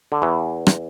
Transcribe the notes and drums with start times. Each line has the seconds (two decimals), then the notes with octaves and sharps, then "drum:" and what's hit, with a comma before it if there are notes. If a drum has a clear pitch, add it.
0.12 D3
0.22 E2 E3
0.67 drum: rim click